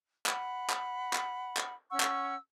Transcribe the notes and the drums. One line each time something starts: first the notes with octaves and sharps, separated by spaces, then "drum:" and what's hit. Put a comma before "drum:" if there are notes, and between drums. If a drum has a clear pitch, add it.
F#5 B5, drum: clap
drum: clap
drum: clap
drum: clap
C#4 F#5 C#6 E6
drum: clap